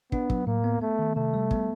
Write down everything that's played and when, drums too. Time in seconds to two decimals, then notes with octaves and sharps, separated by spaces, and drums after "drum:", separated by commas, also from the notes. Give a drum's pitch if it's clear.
0.12 B3 D4, drum: kick
0.30 F#3, drum: kick
0.47 A2 A#3
0.64 B3
0.82 A3 B3
0.99 D#3
1.16 C3 A3
1.34 G3
1.51 B3, drum: kick